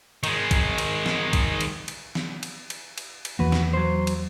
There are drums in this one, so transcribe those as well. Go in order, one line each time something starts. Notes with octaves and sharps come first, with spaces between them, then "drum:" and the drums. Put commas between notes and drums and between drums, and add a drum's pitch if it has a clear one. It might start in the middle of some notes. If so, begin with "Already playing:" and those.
D#3 G#3, drum: cymbal
drum: kick, cymbal
drum: cymbal
drum: snare
drum: kick, cymbal
drum: cymbal
drum: cymbal
drum: snare
drum: cymbal
drum: cymbal
drum: cymbal
drum: cymbal
E2 E3 A#3 F#4 B4
drum: snare
F#3 C5
drum: cymbal